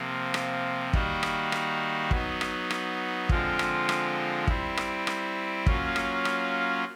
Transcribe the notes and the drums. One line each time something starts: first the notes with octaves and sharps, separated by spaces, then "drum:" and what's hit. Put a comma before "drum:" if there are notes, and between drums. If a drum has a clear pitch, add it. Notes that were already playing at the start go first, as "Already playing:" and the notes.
Already playing: C3 F3 A#3
drum: rim click
D#3 G3 A#3 D#4 F#4, drum: kick
drum: rim click
drum: rim click
F#3 B3 D#4, drum: kick
drum: rim click
drum: rim click
D3 F3 G#3 C4 F4, drum: kick
drum: rim click
drum: rim click
G3 C4 E4, drum: kick
drum: rim click
drum: rim click
F#3 A#3 C#4 F4, drum: kick
drum: rim click
drum: rim click